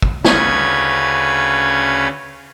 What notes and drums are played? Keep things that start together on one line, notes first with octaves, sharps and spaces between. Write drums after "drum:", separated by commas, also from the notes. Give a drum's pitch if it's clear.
drum: kick
D2 C#3 C#4 B4 G#6, drum: snare